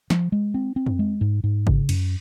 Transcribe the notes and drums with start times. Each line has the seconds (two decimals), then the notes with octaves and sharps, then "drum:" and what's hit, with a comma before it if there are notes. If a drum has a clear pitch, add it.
0.10 F3, drum: snare
0.32 G#3
0.54 C4
0.76 C4
0.86 drum: tom
0.99 G#3
1.21 G#2
1.44 G#2
1.67 C#3, drum: kick G1
1.89 F#2, drum: cymbal